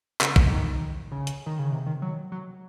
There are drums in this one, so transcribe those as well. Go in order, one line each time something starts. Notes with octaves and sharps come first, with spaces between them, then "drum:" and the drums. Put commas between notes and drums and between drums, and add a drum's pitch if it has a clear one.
C#3, drum: clap
drum: kick
D#3
C#3
drum: hi-hat
D#3
C#3
C3
D#3
F#3
F#3